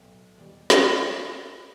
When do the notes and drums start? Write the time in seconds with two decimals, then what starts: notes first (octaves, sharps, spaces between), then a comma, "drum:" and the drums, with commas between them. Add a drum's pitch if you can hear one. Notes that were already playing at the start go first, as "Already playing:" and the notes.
Already playing: B1 A2 A3
0.38 E2 B2 G3 D5
0.70 drum: snare